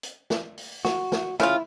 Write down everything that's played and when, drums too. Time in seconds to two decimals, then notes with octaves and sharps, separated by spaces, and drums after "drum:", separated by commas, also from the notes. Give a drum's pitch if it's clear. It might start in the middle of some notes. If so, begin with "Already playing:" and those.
0.03 drum: hi-hat
0.30 drum: snare
0.57 drum: open hi-hat
0.85 F#4, drum: snare
1.12 drum: snare
1.40 C#3 E4 F4, drum: snare